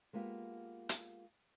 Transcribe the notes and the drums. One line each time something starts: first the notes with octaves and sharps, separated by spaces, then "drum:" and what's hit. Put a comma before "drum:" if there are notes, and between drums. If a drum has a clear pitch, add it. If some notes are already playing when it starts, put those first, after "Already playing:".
G#3 A#3 B3 F4 G4
drum: hi-hat